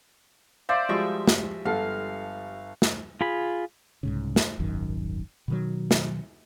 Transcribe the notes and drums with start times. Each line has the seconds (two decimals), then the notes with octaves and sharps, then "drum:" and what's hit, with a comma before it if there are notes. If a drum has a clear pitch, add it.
0.69 C5 D5 E5 F5
0.89 F3 G3 G#3 F4 F#4 E5 C#6
1.28 drum: snare
1.65 G1 A4 F5 F#5
2.82 drum: snare
3.21 F4 G#4 B5
4.03 C2 G#2 C#3
4.36 drum: snare
4.59 D#1 G#1 F#2 D#3
5.48 B2 D#3 F#3
5.91 drum: snare